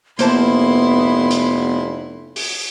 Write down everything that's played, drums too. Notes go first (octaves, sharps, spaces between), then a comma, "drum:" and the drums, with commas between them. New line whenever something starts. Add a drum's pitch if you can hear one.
F1 A#3 B3 E4 C5 A5 C6, drum: hi-hat
drum: hi-hat
drum: open hi-hat